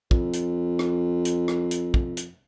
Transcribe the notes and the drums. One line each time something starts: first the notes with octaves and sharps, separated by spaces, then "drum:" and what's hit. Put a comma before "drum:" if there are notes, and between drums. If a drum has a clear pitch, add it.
F2, drum: kick
drum: hi-hat
drum: rim click
drum: hi-hat
drum: rim click
drum: hi-hat
drum: kick
drum: hi-hat